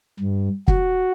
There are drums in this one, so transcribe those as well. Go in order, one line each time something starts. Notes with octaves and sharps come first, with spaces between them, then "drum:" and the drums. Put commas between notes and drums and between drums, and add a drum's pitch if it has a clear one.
G2
F#4, drum: kick